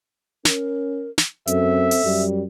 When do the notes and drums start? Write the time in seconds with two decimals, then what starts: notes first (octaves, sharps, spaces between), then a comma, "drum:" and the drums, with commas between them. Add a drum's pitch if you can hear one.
0.45 C#4 A#4, drum: snare
1.18 drum: snare
1.47 F#2 C4 A4 E5, drum: hi-hat
1.91 drum: open hi-hat
2.04 F#2 G3